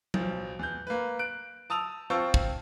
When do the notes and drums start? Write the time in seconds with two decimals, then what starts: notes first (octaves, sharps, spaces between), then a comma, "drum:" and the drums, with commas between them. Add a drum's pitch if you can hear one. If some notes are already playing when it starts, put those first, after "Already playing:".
0.14 B1 F3, drum: tom F#3
0.59 E2 G6
0.87 A#3 B4
1.19 F#6 D7
1.70 A5 D#6 E6 F7
2.10 C4 F4 G5 A5 C#6 E6
2.34 drum: kick